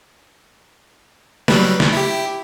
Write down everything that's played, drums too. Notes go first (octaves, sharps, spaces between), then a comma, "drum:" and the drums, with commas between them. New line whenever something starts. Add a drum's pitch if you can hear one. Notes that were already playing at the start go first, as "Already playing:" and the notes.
F#3 G3 B4, drum: snare
drum: snare
E4 G4